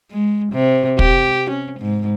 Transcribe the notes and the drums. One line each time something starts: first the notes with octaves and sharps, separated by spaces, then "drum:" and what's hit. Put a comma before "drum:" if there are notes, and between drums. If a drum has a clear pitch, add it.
G#3
C3
G4, drum: kick
C#4
G#2